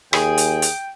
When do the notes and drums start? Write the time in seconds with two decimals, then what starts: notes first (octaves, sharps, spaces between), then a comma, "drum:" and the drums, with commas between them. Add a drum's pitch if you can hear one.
0.13 D#2 G#4 G5, drum: rim click
0.37 drum: hi-hat
0.62 drum: hi-hat